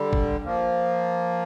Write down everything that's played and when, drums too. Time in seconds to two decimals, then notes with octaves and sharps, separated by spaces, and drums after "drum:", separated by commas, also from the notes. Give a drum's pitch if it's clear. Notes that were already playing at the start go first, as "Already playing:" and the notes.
Already playing: D3 G3
0.13 drum: kick G1
0.44 F3 A#3